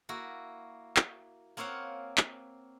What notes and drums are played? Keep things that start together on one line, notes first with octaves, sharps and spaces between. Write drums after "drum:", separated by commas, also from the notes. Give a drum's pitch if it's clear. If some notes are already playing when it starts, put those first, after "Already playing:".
A#3 E4 F#4
drum: clap
A#3 C4 C#5 F5 F#5
drum: clap